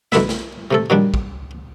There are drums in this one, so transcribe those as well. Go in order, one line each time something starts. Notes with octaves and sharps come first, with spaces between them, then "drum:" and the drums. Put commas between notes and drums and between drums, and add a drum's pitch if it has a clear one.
B1 B2 D3 E4 E5, drum: snare
drum: snare
C3 A3 A4
A#2 D#3 F#3 G3 D4
drum: kick